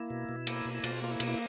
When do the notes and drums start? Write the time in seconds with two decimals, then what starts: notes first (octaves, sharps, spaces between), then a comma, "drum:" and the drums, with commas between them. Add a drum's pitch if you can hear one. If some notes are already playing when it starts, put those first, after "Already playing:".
Already playing: A#3 E4
0.10 B2
0.29 B2
0.47 A#3, drum: cymbal
0.65 B2
0.74 E4
0.84 B2 F4, drum: cymbal
1.02 A#3 F4
1.12 E4
1.20 B2, drum: cymbal
1.27 E4